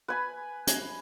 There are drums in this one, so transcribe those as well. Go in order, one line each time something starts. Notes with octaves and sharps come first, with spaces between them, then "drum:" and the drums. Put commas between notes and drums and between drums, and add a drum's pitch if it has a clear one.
B4 G#5 B5
G#5, drum: hi-hat